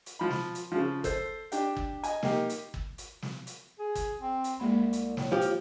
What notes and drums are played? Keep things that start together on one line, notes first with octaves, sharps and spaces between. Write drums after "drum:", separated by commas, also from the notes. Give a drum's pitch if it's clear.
drum: hi-hat
F3 B5
drum: snare
drum: hi-hat
C#3 F3
A4 C5, drum: kick, hi-hat
D4 G4 G5, drum: hi-hat
drum: kick
D#5 G#5, drum: hi-hat
A#3 D#4 G4, drum: snare
drum: hi-hat
drum: kick
drum: hi-hat
drum: snare
drum: hi-hat
G#4
drum: kick, hi-hat
C4
drum: hi-hat
C2 G#3 A#3 B5
drum: hi-hat
A2, drum: snare
A2 F3 G4
drum: hi-hat